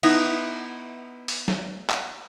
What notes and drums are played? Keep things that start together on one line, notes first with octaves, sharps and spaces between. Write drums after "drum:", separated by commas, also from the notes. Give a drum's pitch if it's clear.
B3 D#4 E4, drum: cymbal
drum: open hi-hat
drum: snare
drum: clap